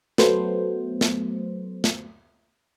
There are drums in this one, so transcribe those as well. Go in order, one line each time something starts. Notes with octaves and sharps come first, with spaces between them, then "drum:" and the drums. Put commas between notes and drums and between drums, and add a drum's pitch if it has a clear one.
F#3 A3 B3 C5, drum: snare
drum: snare
drum: snare